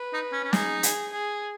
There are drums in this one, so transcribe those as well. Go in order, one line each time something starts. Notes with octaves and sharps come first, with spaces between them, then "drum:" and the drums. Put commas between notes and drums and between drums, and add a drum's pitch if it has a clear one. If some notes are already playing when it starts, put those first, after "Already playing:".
Already playing: B4
D#4
C#4
C#4
D#4 G#4, drum: snare
G#4, drum: hi-hat
G#4